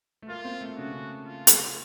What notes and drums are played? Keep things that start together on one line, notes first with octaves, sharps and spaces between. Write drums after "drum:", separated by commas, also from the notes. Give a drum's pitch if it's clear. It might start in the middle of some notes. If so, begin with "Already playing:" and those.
A3
A#3 F4
C4
A3
C#3 F#4
C#3
F4
drum: hi-hat